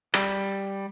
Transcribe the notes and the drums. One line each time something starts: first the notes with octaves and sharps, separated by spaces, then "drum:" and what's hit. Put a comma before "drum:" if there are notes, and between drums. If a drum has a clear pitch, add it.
G3, drum: rim click